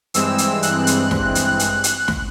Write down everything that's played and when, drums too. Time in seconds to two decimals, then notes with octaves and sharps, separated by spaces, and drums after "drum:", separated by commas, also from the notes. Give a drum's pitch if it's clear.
0.14 G2 E3 G#3 C4 E6, drum: hi-hat
0.38 drum: hi-hat
0.62 F#6, drum: hi-hat
0.87 drum: hi-hat
1.11 drum: snare
1.35 drum: hi-hat
1.59 drum: hi-hat
1.84 drum: hi-hat
2.08 drum: snare